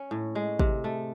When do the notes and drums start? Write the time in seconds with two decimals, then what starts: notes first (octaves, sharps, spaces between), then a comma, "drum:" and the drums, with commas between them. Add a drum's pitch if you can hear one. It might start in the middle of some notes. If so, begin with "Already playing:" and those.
Already playing: C#4
0.11 A2
0.35 G#3
0.59 C3, drum: kick
0.84 A3